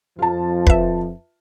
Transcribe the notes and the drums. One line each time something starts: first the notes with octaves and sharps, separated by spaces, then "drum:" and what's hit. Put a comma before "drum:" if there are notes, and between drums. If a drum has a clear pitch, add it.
F2 F3 F4 A5
B4 E5, drum: kick